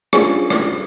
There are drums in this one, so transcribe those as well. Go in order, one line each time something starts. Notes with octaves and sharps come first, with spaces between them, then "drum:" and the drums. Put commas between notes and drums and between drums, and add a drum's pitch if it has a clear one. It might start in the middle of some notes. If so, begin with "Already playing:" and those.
C#4 D4 F4 G#4 C5, drum: rim click
drum: rim click